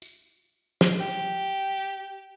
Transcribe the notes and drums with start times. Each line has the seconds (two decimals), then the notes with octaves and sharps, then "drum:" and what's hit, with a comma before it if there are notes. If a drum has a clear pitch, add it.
0.02 drum: tambourine
0.81 drum: snare
1.00 G4